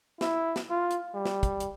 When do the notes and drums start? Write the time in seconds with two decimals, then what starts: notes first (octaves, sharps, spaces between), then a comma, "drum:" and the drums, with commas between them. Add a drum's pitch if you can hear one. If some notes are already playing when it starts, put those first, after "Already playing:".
0.21 E4, drum: snare
0.56 drum: snare
0.70 F4
0.91 drum: hi-hat
1.14 G3
1.26 drum: snare
1.43 drum: kick, hi-hat
1.60 drum: hi-hat